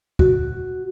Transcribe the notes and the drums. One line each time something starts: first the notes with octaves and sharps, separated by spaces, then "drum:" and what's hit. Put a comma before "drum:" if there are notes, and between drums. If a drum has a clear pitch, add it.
F#4, drum: kick D2